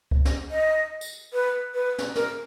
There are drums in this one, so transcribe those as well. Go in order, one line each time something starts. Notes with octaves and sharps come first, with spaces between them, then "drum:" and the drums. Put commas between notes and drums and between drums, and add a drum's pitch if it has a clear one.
drum: kick C#2
drum: snare
D#5
drum: tambourine
B4
B4
drum: snare
A#4, drum: snare